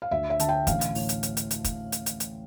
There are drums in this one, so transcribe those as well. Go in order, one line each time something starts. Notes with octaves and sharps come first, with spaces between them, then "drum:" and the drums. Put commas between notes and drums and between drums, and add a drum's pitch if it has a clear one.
F5
D2 E5
E5
D3 A5, drum: hi-hat
G5
A1 F5, drum: kick, hi-hat
drum: hi-hat
A2, drum: open hi-hat
drum: hi-hat
drum: hi-hat
drum: hi-hat
drum: hi-hat
drum: kick, hi-hat
drum: hi-hat
drum: hi-hat
drum: hi-hat